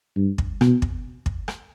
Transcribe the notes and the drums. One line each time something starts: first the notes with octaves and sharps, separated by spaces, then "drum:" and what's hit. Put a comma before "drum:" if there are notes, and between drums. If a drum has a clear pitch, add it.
G2
drum: kick
B2, drum: rim click
drum: kick
drum: kick
drum: rim click